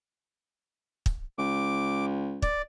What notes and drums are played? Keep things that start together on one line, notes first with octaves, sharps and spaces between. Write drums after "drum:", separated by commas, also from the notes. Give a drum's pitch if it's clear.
drum: kick
C#2 D6
D5, drum: kick